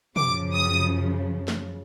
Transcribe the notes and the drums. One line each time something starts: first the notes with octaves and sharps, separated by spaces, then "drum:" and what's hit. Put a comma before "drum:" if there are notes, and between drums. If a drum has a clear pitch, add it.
F#2 C#3 F3 D6, drum: tom
D#6
drum: snare